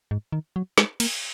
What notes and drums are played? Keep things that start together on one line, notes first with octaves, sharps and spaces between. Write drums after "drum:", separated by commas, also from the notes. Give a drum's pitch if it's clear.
G#2
D#3
F#3
G#3, drum: snare
A#3, drum: cymbal